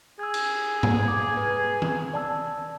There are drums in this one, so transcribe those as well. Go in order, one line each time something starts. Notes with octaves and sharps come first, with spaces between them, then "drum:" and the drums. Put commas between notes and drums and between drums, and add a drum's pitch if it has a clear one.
G#4 E6 G#6
drum: cymbal
drum: tom G#2
D6
B4
drum: tom
D5 A5 E6